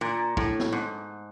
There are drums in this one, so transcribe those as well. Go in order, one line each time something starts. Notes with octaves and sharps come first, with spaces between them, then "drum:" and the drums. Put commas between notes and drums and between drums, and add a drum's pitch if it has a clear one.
A#2
A2, drum: kick
drum: snare
G#2